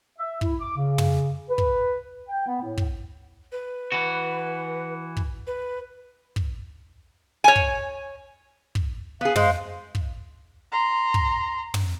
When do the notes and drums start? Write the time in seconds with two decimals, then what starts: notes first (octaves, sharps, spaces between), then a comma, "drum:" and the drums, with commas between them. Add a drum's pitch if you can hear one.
0.18 E5
0.41 E4, drum: kick
0.60 D6
0.76 C#3
0.98 drum: tom
1.49 B4
1.58 drum: kick
2.29 G5
2.46 B3
2.62 A2
2.78 drum: kick
3.52 B4
3.92 E3 F#4
5.17 drum: kick
5.47 B4
6.36 drum: kick
7.44 C#5 G#5
7.56 drum: kick
8.75 drum: kick
9.21 B3 G#4 F5
9.36 G#3 C5, drum: tom
9.95 drum: kick
10.72 A#5 C6
11.14 drum: kick
11.74 drum: tom